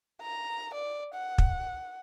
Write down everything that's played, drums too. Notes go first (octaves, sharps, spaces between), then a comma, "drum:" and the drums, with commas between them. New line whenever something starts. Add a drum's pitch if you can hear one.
A#5
D5
F#5
drum: kick